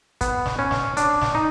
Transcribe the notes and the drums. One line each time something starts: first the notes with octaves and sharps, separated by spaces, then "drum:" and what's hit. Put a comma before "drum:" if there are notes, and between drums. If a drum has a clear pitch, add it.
B3, drum: kick, hi-hat
drum: snare
C#4
drum: snare
D4, drum: hi-hat
drum: snare
D#4